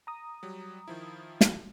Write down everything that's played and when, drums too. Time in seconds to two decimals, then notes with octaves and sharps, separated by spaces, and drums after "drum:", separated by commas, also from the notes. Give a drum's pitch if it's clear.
0.07 A#5 D#6
0.43 F#3 G3
0.88 D#3 F3 E4
1.41 drum: snare